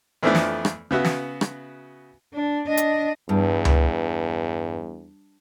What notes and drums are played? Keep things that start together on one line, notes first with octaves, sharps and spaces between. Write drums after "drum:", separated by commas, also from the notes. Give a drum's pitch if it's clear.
F2 E3 F3 A3 B3 D4
drum: snare
drum: rim click
C#3 B3 F#4 E5
drum: snare
drum: rim click
D4
D4 D#5
drum: hi-hat
E2 G2
drum: tom C#2